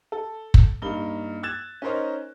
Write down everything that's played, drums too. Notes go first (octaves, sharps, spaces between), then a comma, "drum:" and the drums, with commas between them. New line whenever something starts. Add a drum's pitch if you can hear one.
A4
drum: kick
G2 A#3 D#4 G7
E6 F#6 G#6 A6 E7
C#4 D#4 A#4 C5 C#5 D#5